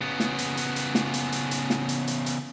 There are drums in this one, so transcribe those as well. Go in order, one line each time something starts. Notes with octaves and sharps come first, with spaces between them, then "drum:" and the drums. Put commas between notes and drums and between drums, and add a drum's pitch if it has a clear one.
C#3 B3
drum: snare
drum: hi-hat
drum: hi-hat
drum: hi-hat
drum: snare
drum: hi-hat
drum: hi-hat
drum: hi-hat
drum: snare
drum: hi-hat
drum: hi-hat
drum: hi-hat